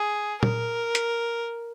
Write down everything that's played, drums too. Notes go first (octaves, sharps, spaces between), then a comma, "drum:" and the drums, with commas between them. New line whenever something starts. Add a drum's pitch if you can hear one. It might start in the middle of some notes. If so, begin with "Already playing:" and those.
Already playing: G#4
A#4, drum: tom
drum: hi-hat